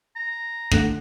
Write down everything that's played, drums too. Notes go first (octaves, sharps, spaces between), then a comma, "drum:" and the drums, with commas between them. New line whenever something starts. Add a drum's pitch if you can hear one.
A#5
D3 A3 F#5, drum: kick